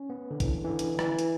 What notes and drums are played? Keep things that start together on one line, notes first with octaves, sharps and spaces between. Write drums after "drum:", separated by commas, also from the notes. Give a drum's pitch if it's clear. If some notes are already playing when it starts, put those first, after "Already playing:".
Already playing: C#4
B3
D3
E3, drum: kick A#1, hi-hat
E3
D3
drum: hi-hat
E3, drum: rim click
drum: hi-hat